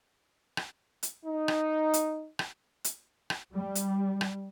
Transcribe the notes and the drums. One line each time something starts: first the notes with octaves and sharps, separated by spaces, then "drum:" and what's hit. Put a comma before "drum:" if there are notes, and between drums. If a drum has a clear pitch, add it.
drum: rim click
drum: hi-hat
D#4
drum: rim click
drum: hi-hat
drum: rim click
drum: hi-hat
drum: rim click
G3
drum: hi-hat
drum: rim click